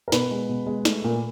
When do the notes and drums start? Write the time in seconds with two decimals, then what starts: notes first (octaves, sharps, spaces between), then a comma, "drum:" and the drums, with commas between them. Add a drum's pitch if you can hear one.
0.08 A#4
0.12 B2 B4, drum: snare
0.31 G#3
0.49 B2
0.67 G#3
0.85 A3, drum: snare
1.04 A#2